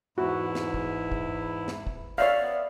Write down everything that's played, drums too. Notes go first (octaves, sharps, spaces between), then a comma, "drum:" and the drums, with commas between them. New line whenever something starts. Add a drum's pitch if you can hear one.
E2 G#2 E4 F#4
drum: snare
drum: kick
drum: kick
drum: snare
drum: kick
C#5 D5 E5 F5
B3